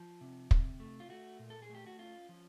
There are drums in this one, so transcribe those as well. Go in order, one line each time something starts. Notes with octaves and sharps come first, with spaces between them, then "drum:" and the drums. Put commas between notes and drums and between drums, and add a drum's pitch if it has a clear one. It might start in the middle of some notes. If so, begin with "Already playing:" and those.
Already playing: F3
C3
C3, drum: kick
A3
F4
A3 F#4
A#2
A4
G#4
A3
G4
F#4
C#4 F4
F3